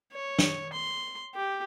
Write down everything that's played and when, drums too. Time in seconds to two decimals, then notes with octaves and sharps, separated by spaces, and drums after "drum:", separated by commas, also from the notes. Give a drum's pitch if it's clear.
0.12 C#5
0.39 drum: snare
0.73 C6
1.34 G4